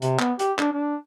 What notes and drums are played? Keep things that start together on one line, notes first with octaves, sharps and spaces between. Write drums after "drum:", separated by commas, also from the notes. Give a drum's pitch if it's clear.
C3, drum: hi-hat
B3, drum: clap
G4, drum: hi-hat
D4, drum: clap
D4